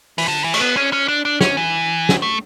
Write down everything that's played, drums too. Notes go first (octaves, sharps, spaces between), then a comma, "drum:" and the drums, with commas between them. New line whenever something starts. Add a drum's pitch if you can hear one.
E3, drum: open hi-hat
D3
E3
A3, drum: cymbal
B3
C#4
C#4
D4
D4
C#4, drum: snare
E3
drum: snare
A3